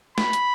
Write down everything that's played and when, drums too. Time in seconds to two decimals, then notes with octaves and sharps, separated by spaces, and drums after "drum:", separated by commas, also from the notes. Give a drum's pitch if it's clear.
0.18 B5, drum: snare
0.33 drum: hi-hat